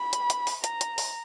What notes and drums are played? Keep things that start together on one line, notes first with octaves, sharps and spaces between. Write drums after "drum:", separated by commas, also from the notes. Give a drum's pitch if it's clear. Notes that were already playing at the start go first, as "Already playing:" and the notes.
Already playing: B5
drum: hi-hat
drum: hi-hat
drum: open hi-hat
A#5, drum: hi-hat
drum: hi-hat
drum: open hi-hat